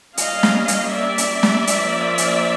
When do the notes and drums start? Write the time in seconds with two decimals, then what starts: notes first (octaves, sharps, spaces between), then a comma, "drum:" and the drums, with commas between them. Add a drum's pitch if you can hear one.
0.17 G3 A#3 C#4 D#5 F5, drum: hi-hat
0.43 drum: snare
0.68 drum: hi-hat
0.93 D5 E5
1.18 drum: hi-hat
1.43 drum: snare
1.67 F3 A#3 C#4, drum: hi-hat
2.18 drum: hi-hat